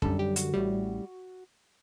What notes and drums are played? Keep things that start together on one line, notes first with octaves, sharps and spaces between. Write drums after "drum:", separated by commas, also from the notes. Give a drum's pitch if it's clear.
F#2 D3 G3 A4, drum: kick
G4
F#4, drum: hi-hat
A1 A2 G3